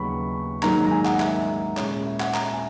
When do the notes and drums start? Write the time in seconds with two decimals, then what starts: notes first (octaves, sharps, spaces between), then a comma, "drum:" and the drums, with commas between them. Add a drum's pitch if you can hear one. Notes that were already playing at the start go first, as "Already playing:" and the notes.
Already playing: D#2 C#3 F#3 B3 E4 B5 C#6
0.63 G#2 D#3 F#3 A#3 D#4 A#5, drum: clap
0.86 A#5
0.91 G#5
1.05 F#5, drum: clap
1.20 E5, drum: clap
1.77 A#2 G#3 C#4 E4 C#5, drum: clap
1.91 C#5
2.06 E5
2.20 F#5, drum: clap
2.34 A#5, drum: clap
2.44 E5
2.54 G#5